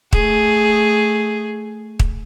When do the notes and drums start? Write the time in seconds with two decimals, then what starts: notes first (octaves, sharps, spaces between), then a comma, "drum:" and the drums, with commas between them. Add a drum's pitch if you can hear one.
0.13 A3 G#4, drum: kick
1.99 drum: kick